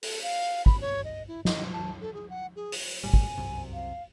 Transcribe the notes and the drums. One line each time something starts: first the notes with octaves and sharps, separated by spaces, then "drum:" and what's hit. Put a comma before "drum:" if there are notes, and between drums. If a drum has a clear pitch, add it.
A4, drum: open hi-hat
F5
B5, drum: kick
C#5
D#5
E4
D#5, drum: snare
A5
A4
G#4
F#5
G#4
drum: open hi-hat
C#2 A2 G3 G#5
drum: kick
C2 F#2 C3
F5